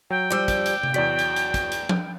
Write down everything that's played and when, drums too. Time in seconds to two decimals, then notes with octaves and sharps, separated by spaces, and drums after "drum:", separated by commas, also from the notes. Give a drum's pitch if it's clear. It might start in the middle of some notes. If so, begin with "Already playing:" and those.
0.10 F#3 G5
0.30 F3 G3 D5 D6 E6
0.48 drum: kick, hi-hat
0.66 drum: hi-hat
0.83 drum: tom C3
0.94 E2 F#3 D5 B6
1.19 drum: hi-hat
1.36 drum: hi-hat
1.54 drum: kick, hi-hat
1.72 drum: hi-hat
1.89 drum: tom F3